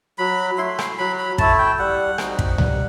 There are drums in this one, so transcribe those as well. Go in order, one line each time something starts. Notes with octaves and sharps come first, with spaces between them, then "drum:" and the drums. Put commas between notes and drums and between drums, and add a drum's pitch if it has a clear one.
F#3 B5
A3 E4 C6
drum: rim click
F#3 B5
B5
A3 E4 A5, drum: kick
G5
G3 F#5
C4 D#4 F#4, drum: rim click
drum: kick
G3, drum: tom C#2